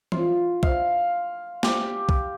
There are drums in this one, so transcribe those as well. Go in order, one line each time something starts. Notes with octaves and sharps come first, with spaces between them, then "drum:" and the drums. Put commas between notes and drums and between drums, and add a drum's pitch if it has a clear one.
F4, drum: tom E3
F5, drum: kick C2
G4, drum: snare
drum: kick C2